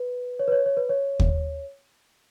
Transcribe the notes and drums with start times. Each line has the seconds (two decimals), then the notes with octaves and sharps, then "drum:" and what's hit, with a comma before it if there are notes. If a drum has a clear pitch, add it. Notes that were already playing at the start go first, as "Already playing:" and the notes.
Already playing: B4
0.39 C#5
0.48 B4
0.52 C#5
0.66 C#5
0.77 B4
0.89 C#5
1.20 drum: kick